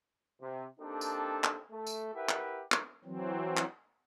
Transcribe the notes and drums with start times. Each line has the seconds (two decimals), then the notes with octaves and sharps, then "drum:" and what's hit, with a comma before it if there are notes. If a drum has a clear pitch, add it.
0.41 C3
0.80 A#3 C4 D4 D#4 G4 A4
1.01 drum: tambourine
1.44 drum: clap
1.71 A3 A4
1.87 drum: tambourine
2.14 E4 G4 A#4 B4 E5 F#5
2.29 drum: clap
2.72 drum: clap
3.05 E3 F#3 C4
3.57 drum: clap